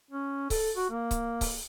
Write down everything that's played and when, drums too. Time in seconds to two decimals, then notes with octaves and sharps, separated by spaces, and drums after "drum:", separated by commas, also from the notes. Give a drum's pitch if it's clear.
0.11 C#4
0.50 A4, drum: kick C#1, open hi-hat
0.76 F#4
0.90 A#3
1.11 drum: kick C#1, hi-hat
1.41 drum: kick C#1, open hi-hat